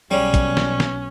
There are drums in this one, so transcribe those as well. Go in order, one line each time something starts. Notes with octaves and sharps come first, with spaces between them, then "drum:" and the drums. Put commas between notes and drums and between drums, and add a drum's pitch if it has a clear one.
B1 C#3 G3 C#4
drum: kick, hi-hat
drum: snare
drum: snare